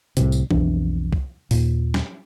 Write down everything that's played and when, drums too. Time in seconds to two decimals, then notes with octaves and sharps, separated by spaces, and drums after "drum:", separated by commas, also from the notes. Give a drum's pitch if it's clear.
0.17 C2 A2 C3, drum: hi-hat
0.32 drum: tambourine
0.51 B1 F2 E3 D4, drum: kick C2
1.13 drum: kick C2
1.51 D#2 A#2, drum: open hi-hat
1.94 drum: snare